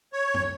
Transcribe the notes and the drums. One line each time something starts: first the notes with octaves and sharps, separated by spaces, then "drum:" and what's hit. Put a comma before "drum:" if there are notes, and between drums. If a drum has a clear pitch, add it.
C#5
drum: tom